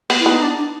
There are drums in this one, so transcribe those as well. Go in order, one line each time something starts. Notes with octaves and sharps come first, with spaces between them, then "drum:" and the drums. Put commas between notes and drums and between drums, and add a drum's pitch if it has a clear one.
B3, drum: open hi-hat
E4
B3 D#4
D4
D4